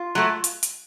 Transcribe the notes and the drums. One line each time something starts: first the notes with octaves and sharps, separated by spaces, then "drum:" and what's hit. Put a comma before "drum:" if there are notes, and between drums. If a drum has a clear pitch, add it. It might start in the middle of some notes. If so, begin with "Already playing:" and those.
Already playing: F4
F#3 A3
drum: hi-hat
drum: hi-hat